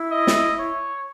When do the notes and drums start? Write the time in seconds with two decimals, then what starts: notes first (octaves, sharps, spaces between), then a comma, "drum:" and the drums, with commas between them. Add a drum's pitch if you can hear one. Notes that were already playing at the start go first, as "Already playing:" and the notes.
Already playing: E4
0.11 D#5
0.27 drum: snare
0.59 C#5